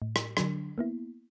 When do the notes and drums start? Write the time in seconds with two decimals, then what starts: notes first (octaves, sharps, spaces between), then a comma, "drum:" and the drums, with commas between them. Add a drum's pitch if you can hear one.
0.02 A2
0.16 drum: rim click
0.37 D3 F#3 D4, drum: rim click
0.78 A#3 B3 E4